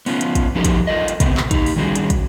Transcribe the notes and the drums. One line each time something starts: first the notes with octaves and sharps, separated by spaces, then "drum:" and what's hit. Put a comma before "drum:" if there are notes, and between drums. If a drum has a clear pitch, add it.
B3 C#4 F4, drum: open hi-hat
drum: hi-hat
drum: kick, hi-hat
F3 F#3 D#4 G4 A4 A#4
drum: kick, hi-hat
F4 A4 A#4 D#5
drum: hi-hat
A#2 C#3 A3 B3 C4, drum: kick, hi-hat
drum: clap
D#4 G4, drum: kick, hi-hat
drum: open hi-hat
D#3 G3 C#4 F#4 G#4
drum: hi-hat
drum: kick, hi-hat